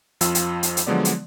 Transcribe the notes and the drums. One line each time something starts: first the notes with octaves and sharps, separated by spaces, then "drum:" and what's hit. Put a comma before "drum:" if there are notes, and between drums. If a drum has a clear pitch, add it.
F2 F3 F4 E6, drum: hi-hat
drum: hi-hat
drum: hi-hat
drum: hi-hat
D3 F3 F#3 G#3 B3 D5
drum: hi-hat